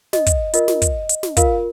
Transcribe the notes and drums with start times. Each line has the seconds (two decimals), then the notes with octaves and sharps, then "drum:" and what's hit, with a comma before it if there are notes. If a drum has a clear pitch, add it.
0.13 D#5, drum: snare
0.26 drum: kick, hi-hat
0.53 F4 A#4 D#5, drum: hi-hat
0.68 drum: snare
0.82 drum: kick, hi-hat
1.09 drum: hi-hat
1.23 drum: snare
1.37 F4 A#4 F5, drum: kick, hi-hat